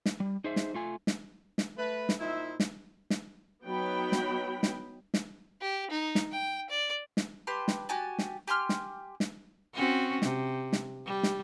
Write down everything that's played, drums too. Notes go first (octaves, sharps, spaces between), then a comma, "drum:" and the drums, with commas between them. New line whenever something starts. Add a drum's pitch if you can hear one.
drum: snare
G3
D#4 G#4 C5 E5
drum: snare
A3 F4 G#5
drum: snare
drum: snare
A3 B4
drum: snare
A#2 D#4 E4 C5 E5
drum: snare
drum: snare
F#3 B3 D#4 G5 B5
drum: snare
drum: snare
drum: snare
G4
D#4
drum: snare
G5
D5
drum: snare
G4 B4 A5 C6
drum: snare
F#4 G4 G#5 A5
drum: snare
G4 G#5 C6 F6
drum: snare
drum: snare
C4 C#4 F#4
C3, drum: snare
drum: snare
G3
drum: snare